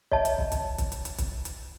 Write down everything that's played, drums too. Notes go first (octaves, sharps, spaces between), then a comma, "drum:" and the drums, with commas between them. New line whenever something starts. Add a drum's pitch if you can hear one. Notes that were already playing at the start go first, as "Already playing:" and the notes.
C#5 D#5 E5 A5, drum: kick
drum: hi-hat
drum: kick
drum: kick, hi-hat
drum: kick, hi-hat
drum: hi-hat
drum: hi-hat
drum: kick, hi-hat
drum: hi-hat